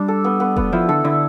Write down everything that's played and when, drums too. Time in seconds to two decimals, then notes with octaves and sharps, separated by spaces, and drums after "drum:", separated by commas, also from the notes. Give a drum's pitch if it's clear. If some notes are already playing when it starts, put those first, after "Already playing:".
Already playing: G3 D4
0.08 A4
0.24 B3
0.40 B3
0.56 B3, drum: kick F1
0.72 F3 E4
0.89 D3 A4
1.05 D3 E4